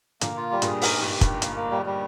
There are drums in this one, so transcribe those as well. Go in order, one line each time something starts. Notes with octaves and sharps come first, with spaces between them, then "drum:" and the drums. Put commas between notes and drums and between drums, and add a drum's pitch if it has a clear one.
A#2 D3 A#3, drum: hi-hat
F4
G3
G2 A#2, drum: hi-hat
G#4
G#2 A#4, drum: open hi-hat
G2 G4
G4
G2, drum: kick, hi-hat
G4
A#3, drum: hi-hat
A#3
G3
G3